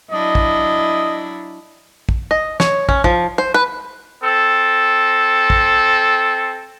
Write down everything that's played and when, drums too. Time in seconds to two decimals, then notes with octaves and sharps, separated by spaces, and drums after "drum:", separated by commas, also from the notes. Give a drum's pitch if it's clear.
0.11 F#3 D4 E4 D#5
0.35 drum: kick
2.09 drum: kick
2.31 D#5
2.60 C#5, drum: snare
2.89 C#4, drum: kick
3.04 F3, drum: kick
3.38 C5
3.54 B4
4.23 C4 A4
5.50 drum: kick